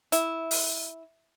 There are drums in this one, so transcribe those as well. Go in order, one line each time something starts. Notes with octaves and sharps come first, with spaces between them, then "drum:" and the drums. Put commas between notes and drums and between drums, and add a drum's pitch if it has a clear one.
E4, drum: hi-hat
drum: open hi-hat